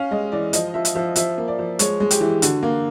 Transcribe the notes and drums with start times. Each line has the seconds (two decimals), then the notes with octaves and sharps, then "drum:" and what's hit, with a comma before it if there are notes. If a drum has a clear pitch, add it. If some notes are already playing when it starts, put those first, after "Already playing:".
Already playing: C#4 F5
0.11 G#3 D#5
0.32 E3 D5
0.53 F3 D#5, drum: hi-hat
0.74 F3 E5
0.85 drum: hi-hat
0.95 F3 E5
1.16 F3 E5, drum: hi-hat
1.38 A#3
1.48 D5
1.59 F3
1.79 G#3 C#5, drum: hi-hat
2.00 G#3
2.11 G4, drum: hi-hat
2.21 E3
2.42 D3 F#4, drum: hi-hat
2.63 A#3